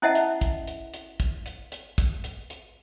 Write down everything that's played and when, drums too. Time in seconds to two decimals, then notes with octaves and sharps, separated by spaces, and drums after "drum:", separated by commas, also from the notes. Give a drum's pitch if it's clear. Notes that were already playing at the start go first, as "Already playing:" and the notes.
0.02 C#4 E4 D#5 E5 F#5 A5
0.15 drum: hi-hat
0.41 drum: kick, hi-hat
0.68 drum: hi-hat
0.94 drum: hi-hat
1.20 drum: kick, hi-hat
1.46 drum: hi-hat
1.72 drum: hi-hat
1.98 drum: kick, hi-hat
2.24 drum: hi-hat
2.50 drum: hi-hat